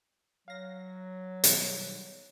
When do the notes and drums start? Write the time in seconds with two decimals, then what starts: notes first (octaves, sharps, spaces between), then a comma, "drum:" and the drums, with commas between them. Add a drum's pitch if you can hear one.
0.48 F#3 F5 A#6
1.44 B2 D#3 G3, drum: hi-hat